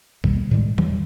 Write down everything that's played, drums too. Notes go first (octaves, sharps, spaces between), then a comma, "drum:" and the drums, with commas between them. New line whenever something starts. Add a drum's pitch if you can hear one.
B2 D#3 G3 A#3, drum: kick A1
A2 D#3 G3 G#3
D#3 E3 F#3 G3, drum: tom E2